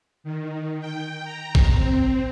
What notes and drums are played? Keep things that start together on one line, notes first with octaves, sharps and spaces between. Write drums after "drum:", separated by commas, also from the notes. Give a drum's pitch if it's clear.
D#3
G5
A#5
drum: kick A1
C4